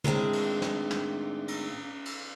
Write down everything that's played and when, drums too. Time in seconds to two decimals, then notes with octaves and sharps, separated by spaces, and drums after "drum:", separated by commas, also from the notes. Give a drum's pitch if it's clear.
0.04 A2 D#3 G#3 C4 D4, drum: tom
0.33 drum: cymbal
0.62 drum: snare
0.91 drum: snare
1.48 drum: cymbal
2.05 drum: cymbal